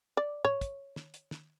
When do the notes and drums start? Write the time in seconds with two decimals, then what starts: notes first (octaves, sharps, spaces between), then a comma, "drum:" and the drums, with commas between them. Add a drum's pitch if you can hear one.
0.17 D5
0.45 C#5, drum: tom
0.61 drum: kick, hi-hat
0.96 drum: snare
1.14 drum: hi-hat
1.31 drum: snare